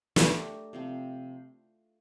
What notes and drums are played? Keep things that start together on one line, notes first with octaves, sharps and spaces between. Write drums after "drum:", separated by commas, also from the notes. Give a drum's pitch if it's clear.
A3 D4 G4 A#4, drum: snare
C3 F3 C4